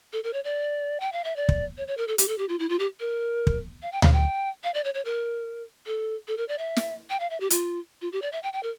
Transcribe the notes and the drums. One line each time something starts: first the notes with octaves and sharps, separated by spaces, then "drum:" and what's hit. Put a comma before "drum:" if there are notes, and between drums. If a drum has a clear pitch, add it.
A4
A#4
C#5
D5
G5
F5
E5
D5
drum: kick
C#5
C#5
A#4
A4
G4, drum: hi-hat
A4
G4
F4
E4
F4
G4
A#4
drum: kick
F5
G5
F5, drum: tom D2
G5
F5
D5
C#5
C#5
A#4
A4
A4
A#4
D5
E5
drum: snare
G5
F5
E5
G4
F4, drum: hi-hat
F4
G4
D5
E5
G5
G5
A#4